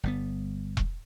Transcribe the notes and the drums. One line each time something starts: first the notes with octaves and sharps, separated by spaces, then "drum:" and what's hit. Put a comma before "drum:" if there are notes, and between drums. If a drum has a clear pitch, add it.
G1 G3 B3
drum: kick E1